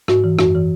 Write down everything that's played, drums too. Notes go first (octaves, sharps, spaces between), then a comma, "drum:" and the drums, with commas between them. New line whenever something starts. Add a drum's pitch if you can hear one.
G#2 F#4, drum: rim click
E3
F#2 F#4, drum: rim click
E3